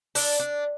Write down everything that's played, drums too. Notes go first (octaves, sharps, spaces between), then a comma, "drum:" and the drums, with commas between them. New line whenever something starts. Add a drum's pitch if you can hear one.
D4, drum: open hi-hat
D4